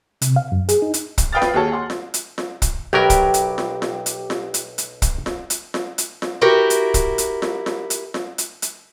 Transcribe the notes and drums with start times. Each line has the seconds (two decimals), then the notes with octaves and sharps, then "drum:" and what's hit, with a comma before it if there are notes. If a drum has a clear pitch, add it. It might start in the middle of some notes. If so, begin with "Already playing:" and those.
0.22 C3, drum: hi-hat
0.36 F5
0.52 F#2
0.69 G#4, drum: hi-hat
0.82 D#4
0.94 drum: hi-hat
1.18 drum: kick, hi-hat
1.32 B4 F5 G5 D#6 F6 A6
1.42 drum: snare F4
1.53 D#2 F#4 G#4 A4 C#5
1.72 F#5 C6
1.90 drum: snare F4
2.14 drum: hi-hat
2.38 drum: snare F4
2.62 drum: kick, hi-hat
2.93 B1 F#3 G4 A#4 G5 B5
3.10 drum: kick, hi-hat
3.34 drum: hi-hat
3.58 drum: snare F4
3.82 drum: snare F4
4.06 drum: hi-hat
4.30 drum: snare F4
4.54 drum: hi-hat
4.78 drum: hi-hat
5.02 drum: kick, hi-hat
5.26 drum: snare F4
5.50 drum: hi-hat
5.74 drum: snare F4
5.98 drum: hi-hat
6.22 drum: snare F4
6.41 E4 F#4 G4 A#4
6.70 drum: hi-hat
6.94 drum: kick, hi-hat
7.18 drum: hi-hat
7.42 drum: snare F4
7.66 drum: snare F4
7.90 drum: hi-hat
8.14 drum: snare F4
8.38 drum: hi-hat
8.62 drum: hi-hat